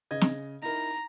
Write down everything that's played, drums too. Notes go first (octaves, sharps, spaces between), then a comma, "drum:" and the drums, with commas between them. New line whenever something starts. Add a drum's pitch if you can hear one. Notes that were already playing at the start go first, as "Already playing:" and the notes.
C#3 D#5 G#6
drum: snare
D#4 E4 A#4 A#5